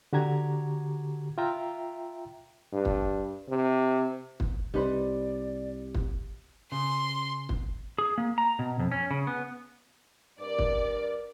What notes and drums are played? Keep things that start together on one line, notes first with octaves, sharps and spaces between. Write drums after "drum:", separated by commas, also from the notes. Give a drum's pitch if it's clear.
D3 F#4 G4 A#5 G#6
F4 E5 G5 A#5
G2
drum: kick
C3
drum: kick
C2 D#4 G4 B4 C5 D5
drum: kick
C#3 C6
drum: kick
G#4
A#3
A#5
B2
F2
C#4
C#3
B3
G2 A#4 D5
drum: kick